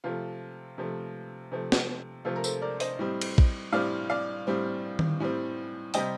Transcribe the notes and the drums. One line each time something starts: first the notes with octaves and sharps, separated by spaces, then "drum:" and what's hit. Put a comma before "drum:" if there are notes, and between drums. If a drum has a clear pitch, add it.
C3 F3 A3 F4
C3 F3 A3
C3 F3 A3
drum: snare
C3 F3 A3 F4 A4
A#4
A4 C5, drum: tambourine
A#4 D5
C5 D#5, drum: open hi-hat
A2 G3 C4
drum: cymbal
drum: kick
A2 G3 C4 D5 F5
D5 F5
A2 G3 C4
drum: tom D#3
A2 G3 C4
C3 G3 C4 D#5 G5, drum: open hi-hat